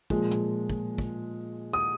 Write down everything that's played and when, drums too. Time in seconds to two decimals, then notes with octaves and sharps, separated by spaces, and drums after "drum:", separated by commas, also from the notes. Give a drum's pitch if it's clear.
0.10 A#2 F3 G#3, drum: kick
0.31 drum: tom
0.70 drum: kick
0.98 drum: kick
1.73 D#6